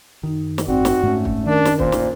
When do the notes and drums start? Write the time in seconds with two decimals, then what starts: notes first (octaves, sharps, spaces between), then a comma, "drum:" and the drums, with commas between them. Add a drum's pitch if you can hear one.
0.23 F#2 D#3 D#4
0.58 drum: snare
0.68 G#1 C4 F#4 D5
0.85 drum: snare
1.03 G#2 A3 C4 C#4
1.25 drum: kick
1.46 D#3 C#4 D4 A#4
1.65 drum: snare
1.79 A#2 C5, drum: kick
1.92 drum: snare